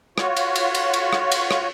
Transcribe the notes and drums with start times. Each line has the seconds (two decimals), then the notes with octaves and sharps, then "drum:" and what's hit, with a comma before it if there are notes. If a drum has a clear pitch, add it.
0.18 F4 F#4 C#5, drum: rim click
0.37 drum: cymbal
0.56 drum: cymbal
0.75 drum: cymbal
0.94 drum: cymbal
1.13 drum: rim click
1.32 drum: cymbal
1.51 drum: rim click